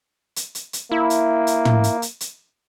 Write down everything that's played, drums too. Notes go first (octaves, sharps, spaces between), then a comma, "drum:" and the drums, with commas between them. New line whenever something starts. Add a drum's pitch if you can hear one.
drum: hi-hat
drum: hi-hat
drum: hi-hat
A#3 E4
drum: hi-hat
drum: hi-hat
drum: tom
drum: hi-hat
drum: hi-hat
drum: hi-hat